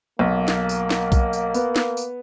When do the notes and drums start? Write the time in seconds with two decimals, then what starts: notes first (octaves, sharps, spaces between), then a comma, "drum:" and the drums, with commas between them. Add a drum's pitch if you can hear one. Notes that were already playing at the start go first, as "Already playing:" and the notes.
0.19 B1 A#3
0.48 drum: snare
0.69 drum: tambourine
0.90 drum: snare
1.12 drum: kick B1, tambourine
1.33 drum: tambourine
1.54 B3, drum: tambourine
1.76 drum: snare
1.97 drum: tambourine